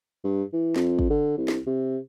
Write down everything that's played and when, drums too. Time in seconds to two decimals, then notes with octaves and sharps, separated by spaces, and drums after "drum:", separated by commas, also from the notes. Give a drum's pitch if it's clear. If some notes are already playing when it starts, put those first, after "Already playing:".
0.24 G2
0.53 E3
0.76 F2, drum: snare
0.99 drum: kick
1.10 D3
1.37 C2
1.48 drum: snare
1.66 C3